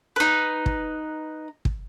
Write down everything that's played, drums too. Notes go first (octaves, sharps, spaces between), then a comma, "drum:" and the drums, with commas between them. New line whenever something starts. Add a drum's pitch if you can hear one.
D#4 B4
drum: kick
drum: kick